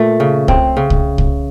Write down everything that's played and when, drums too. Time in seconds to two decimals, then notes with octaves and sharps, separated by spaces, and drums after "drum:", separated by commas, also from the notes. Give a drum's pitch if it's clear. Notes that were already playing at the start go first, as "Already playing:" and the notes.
Already playing: A#2 A3
0.20 C#3
0.48 C4, drum: kick C2
0.77 C#3
0.90 drum: kick C2
1.18 drum: kick C2